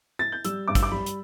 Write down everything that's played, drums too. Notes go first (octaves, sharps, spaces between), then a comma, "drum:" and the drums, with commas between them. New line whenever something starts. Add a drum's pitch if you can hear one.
A6
G6
G3 E6, drum: hi-hat
G2 D6
E6, drum: kick, hi-hat
D6
G3 B5
drum: hi-hat